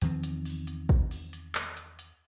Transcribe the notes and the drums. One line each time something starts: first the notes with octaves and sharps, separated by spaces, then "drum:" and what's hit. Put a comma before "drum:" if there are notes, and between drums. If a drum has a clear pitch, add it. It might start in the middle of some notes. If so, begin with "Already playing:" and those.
E2 D#3 F3 C4, drum: hi-hat
drum: hi-hat
drum: open hi-hat
drum: hi-hat
drum: kick
drum: open hi-hat
drum: hi-hat
drum: clap
drum: hi-hat
drum: hi-hat